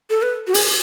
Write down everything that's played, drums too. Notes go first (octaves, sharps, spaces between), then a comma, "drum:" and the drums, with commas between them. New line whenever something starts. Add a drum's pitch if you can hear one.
A4
B4
F#4
G#4, drum: open hi-hat